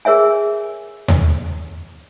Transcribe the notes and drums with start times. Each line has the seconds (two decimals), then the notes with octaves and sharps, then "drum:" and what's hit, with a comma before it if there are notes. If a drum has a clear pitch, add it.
0.05 G#4 A#4 C#5 E5 G#5
1.08 drum: tom D#2